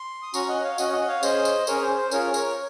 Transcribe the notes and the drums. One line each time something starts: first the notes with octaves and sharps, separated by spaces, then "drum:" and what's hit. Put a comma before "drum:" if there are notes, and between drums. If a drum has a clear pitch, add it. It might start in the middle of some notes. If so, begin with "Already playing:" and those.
Already playing: C6
D#6
C#4 F#4 A#5 C#6, drum: tambourine
D#5 F#5
C#5 F5
C#4 F#4 D#5 F#5, drum: tambourine
D#5 F#5
C#5 F5
C#4 G#4 C5 D#5, drum: tambourine
drum: tambourine
C#4 G#4 A#4 C#5, drum: tambourine
C5
C5
C#4 F4 G#4 A#4 C#5, drum: tambourine
A#4 C#5, drum: tambourine